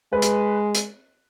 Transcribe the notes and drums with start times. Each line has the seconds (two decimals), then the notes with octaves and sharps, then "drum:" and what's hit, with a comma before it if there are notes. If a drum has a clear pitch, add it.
0.13 G#3 B4
0.22 drum: hi-hat
0.75 drum: hi-hat